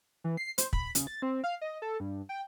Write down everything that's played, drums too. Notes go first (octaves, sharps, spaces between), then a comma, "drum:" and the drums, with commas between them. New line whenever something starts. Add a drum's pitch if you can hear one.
E3
C7
C5, drum: hi-hat
B5, drum: kick
C#3, drum: hi-hat
A6
C4
F5
D#5
A4
G2
G5